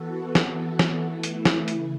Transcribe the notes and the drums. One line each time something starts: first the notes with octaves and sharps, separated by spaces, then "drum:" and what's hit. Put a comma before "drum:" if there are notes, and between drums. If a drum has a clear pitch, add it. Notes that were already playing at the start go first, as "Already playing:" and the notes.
Already playing: E3 B3 F#4 A4
E3 B3 F#4 A4, drum: snare
drum: snare
E3 A3 E4
drum: hi-hat
drum: snare
C#3, drum: hi-hat